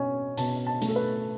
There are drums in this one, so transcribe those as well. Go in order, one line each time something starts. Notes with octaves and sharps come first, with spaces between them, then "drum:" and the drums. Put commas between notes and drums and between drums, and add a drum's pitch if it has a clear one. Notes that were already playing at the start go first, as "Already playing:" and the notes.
Already playing: B2 C#4 G#5
B2 A5, drum: hi-hat
A5
A3, drum: hi-hat
A4
B4